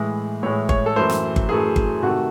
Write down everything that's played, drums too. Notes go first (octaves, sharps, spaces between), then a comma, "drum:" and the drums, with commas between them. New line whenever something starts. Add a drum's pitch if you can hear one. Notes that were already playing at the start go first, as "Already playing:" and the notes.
Already playing: A2 E3 G#3
A2 E3 G#3 C#5
C#5, drum: kick G1
A4
F#2 E3 A3 C5
drum: snare
drum: kick G1
F#2 E3 A3 G#4
drum: kick G1
C3 D#3 A3 F#4